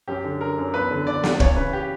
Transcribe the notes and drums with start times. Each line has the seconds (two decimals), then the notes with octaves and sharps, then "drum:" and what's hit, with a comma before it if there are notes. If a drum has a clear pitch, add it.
0.08 F#2 G4
0.24 D3
0.41 D3 A#4
0.58 F#2
0.74 E2 B4
0.91 D3
1.07 D3 D5
1.24 E2, drum: snare
1.40 E3 C#5, drum: kick
1.56 C#3 B4
1.73 G4